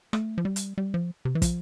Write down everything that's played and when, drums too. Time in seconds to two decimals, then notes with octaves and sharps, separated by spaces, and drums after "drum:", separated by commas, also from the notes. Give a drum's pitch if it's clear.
0.13 A3, drum: rim click
0.38 F3
0.45 G3
0.56 drum: hi-hat
0.78 G3
0.94 F3
1.25 C3
1.35 E3
1.42 F3, drum: kick, hi-hat